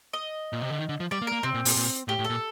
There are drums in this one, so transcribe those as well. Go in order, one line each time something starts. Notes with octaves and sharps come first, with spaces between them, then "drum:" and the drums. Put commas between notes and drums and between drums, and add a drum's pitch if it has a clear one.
D#5
A#2
C3
D3
D#3
D3
F3
G3 D5
A#3
A#4
A#3
C3 C4
A#2
A#2, drum: open hi-hat
A#2
A2 G4
A2
A4
A#2